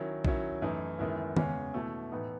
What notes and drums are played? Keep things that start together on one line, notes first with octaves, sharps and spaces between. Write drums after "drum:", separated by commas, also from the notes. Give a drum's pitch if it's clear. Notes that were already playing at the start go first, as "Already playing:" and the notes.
Already playing: D#3 F#3 C#4 E4
D#3 F#3 C#4 E4, drum: kick A#1
F#2 E3 A3 D#4
F#2 D#3 G#3 B3 E4
E2 C#3 G#3 C#4, drum: tom D#3
B2 A3 E4
A2 E3 B3 D#4